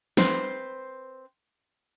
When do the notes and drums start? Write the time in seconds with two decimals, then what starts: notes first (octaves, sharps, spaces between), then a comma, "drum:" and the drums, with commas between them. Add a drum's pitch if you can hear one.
0.17 C4 B4 C5, drum: snare